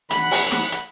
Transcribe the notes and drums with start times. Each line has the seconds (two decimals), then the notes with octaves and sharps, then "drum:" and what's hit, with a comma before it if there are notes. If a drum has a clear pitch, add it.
0.11 F#5 B5, drum: hi-hat
0.31 drum: open hi-hat
0.52 drum: snare
0.72 drum: hi-hat